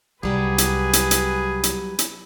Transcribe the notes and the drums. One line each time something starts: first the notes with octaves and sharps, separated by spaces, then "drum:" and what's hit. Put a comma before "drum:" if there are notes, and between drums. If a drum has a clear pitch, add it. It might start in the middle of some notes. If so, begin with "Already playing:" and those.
C2 F#3 G3 G4 G#4 B4 G#5
drum: hi-hat
drum: hi-hat
drum: hi-hat
drum: hi-hat
drum: hi-hat